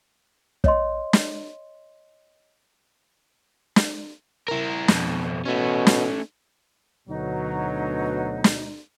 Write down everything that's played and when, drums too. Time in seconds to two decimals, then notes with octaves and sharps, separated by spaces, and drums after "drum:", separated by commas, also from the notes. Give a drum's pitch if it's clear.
0.64 C#5 D#5 C6, drum: kick
1.13 drum: snare
3.76 drum: snare
4.48 E4 A#4
4.88 F2 B2, drum: snare
5.45 B2 A3 C#4
5.87 drum: snare
7.08 D2 B2 F#3 D#4
8.44 drum: snare